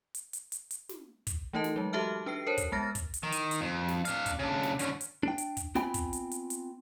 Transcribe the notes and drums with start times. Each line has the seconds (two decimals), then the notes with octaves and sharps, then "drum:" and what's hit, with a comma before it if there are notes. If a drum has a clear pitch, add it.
0.14 drum: hi-hat
0.33 drum: hi-hat
0.52 drum: hi-hat
0.71 drum: hi-hat
0.89 drum: snare
1.27 drum: kick, hi-hat
1.53 E3 A3 D#4 A#4 D#5 A5
1.64 drum: snare
1.76 F#3 G#3
1.93 F#4 G4 A4 E5 A5 F6
2.26 D4 B4 G5 C7
2.47 A#4 C5 C#5 A5
2.58 drum: kick, hi-hat
2.72 G#3 B3 A5 F6 A6 A#6
2.95 drum: kick, hi-hat
3.14 drum: hi-hat
3.23 D#3
3.32 drum: hi-hat
3.51 drum: hi-hat
3.61 F2
3.88 drum: snare
4.05 D4 F5, drum: hi-hat
4.26 drum: kick, hi-hat
4.39 C#3 D4
4.63 drum: snare
4.79 D3 C#4, drum: hi-hat
5.01 drum: hi-hat
5.23 D4 G5
5.38 drum: hi-hat
5.57 drum: kick, hi-hat
5.75 B3 C4 F4 G5 G#5 B5, drum: snare
5.94 drum: kick, hi-hat
6.13 drum: hi-hat
6.31 drum: hi-hat
6.50 drum: hi-hat